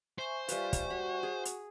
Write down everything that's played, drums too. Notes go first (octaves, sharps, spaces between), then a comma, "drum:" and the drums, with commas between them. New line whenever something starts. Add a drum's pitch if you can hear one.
C5 E5 G#5 C#6
G3 F4 B4, drum: hi-hat
drum: kick, hi-hat
F#4 B5
G#4
drum: hi-hat